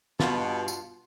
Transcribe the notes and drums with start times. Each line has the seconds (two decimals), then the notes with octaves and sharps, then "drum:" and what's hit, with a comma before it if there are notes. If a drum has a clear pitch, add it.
0.20 G2 B2 F4 A5, drum: snare
0.68 drum: tambourine